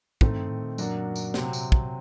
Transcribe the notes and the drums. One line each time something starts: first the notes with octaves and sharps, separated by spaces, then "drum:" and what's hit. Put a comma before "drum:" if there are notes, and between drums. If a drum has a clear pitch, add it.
A2 D#3 A3 C4 D#4, drum: kick
G2
A2
A#2
F#2 F#3 A#3 D4 F#4, drum: tambourine
drum: tambourine
C3 F#3 C4, drum: snare
drum: tambourine
drum: kick